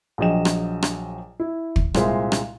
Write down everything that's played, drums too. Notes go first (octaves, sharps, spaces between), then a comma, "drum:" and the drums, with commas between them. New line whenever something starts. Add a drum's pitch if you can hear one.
A#1 F#3 G#4 D#5 G5 E7
drum: rim click
drum: rim click
E4
drum: kick
C2 A#2 G#3 A#4 C5 E5, drum: rim click
drum: rim click